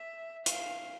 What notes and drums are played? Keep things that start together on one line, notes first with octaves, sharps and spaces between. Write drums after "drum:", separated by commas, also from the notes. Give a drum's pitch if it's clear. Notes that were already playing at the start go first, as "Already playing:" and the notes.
Already playing: E5
F5, drum: hi-hat